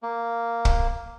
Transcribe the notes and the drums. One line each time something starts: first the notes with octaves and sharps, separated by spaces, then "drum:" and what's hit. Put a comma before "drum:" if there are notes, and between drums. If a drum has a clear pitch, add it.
A#3
drum: kick